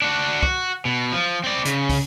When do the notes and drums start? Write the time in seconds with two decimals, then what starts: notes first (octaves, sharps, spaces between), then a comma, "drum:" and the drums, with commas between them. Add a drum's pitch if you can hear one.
0.02 D4 F#4
0.43 F#4, drum: kick
0.85 B2
1.13 F3
1.44 C4 D5
1.65 C#3, drum: hi-hat
1.89 drum: kick, open hi-hat